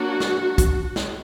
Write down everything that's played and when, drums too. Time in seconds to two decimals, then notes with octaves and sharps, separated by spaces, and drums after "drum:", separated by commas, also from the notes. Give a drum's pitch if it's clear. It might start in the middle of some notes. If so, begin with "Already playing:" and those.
Already playing: F#3 A#3 D4 F#4
0.20 drum: snare
0.58 drum: kick, hi-hat
0.96 drum: snare